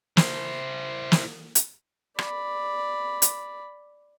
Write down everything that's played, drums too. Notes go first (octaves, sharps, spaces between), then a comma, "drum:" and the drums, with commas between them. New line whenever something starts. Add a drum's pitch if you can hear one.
E4 C5, drum: snare
drum: snare
drum: hi-hat
D5 B5, drum: rim click
drum: hi-hat